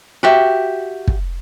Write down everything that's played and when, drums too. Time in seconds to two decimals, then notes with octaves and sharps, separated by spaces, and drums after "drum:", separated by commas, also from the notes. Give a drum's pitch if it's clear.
0.23 F#4 G4 E5
1.08 drum: kick